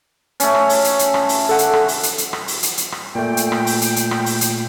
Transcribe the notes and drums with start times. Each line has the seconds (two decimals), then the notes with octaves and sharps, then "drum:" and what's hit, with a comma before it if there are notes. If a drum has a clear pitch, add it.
0.40 A3 C#4, drum: hi-hat
0.55 drum: rim click
0.69 drum: open hi-hat
0.84 drum: hi-hat
0.99 drum: hi-hat
1.14 drum: rim click
1.29 drum: open hi-hat
1.49 A4 F#5
1.59 drum: hi-hat
1.73 drum: rim click
1.88 drum: open hi-hat
2.03 drum: hi-hat
2.18 drum: hi-hat
2.33 drum: rim click
2.48 drum: open hi-hat
2.63 drum: hi-hat
2.77 drum: hi-hat
2.92 drum: rim click
3.15 A#2 A3 G5
3.37 drum: hi-hat
3.52 drum: rim click
3.67 drum: open hi-hat
3.81 drum: hi-hat
3.96 drum: hi-hat
4.11 drum: rim click
4.26 drum: open hi-hat
4.41 drum: hi-hat